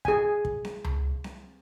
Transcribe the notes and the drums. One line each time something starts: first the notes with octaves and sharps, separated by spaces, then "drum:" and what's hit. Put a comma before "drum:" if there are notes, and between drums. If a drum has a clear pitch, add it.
G#4 G#5, drum: kick
drum: kick
drum: snare C4
drum: tom C#2
drum: snare C4